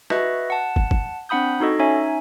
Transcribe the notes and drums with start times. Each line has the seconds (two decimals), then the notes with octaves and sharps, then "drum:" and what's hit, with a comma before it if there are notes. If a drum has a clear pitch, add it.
0.10 F#4 B4 D#5 E5, drum: rim click
0.50 F#5 A5
0.76 drum: kick
0.91 drum: kick
1.29 C4 D4 F#5 B5 D#6 G6
1.60 D#4 F#4 A4 D#5
1.79 C#4 D#4 C#5 E5 G#5